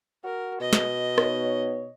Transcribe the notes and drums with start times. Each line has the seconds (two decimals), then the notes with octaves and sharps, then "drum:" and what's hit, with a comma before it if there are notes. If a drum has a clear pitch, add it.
0.24 F#4 A#4
0.60 B2 D#5
0.73 drum: snare
1.18 B3 D#4 C#5, drum: rim click